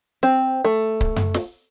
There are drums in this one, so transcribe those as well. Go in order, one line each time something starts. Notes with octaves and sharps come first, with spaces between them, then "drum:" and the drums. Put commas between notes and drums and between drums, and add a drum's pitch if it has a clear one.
C4
A3
drum: kick C#1
drum: tom F#2
drum: snare